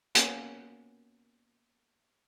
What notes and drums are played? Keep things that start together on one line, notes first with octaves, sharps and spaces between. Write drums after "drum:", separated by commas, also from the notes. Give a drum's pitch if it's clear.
A#3 B3 C#4 F#4 G#5, drum: hi-hat